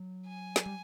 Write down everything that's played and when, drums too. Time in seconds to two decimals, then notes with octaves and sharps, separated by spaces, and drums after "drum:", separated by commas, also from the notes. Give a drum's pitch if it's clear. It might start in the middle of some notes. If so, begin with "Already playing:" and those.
Already playing: F#3
0.28 G#5
0.56 drum: snare
0.66 G3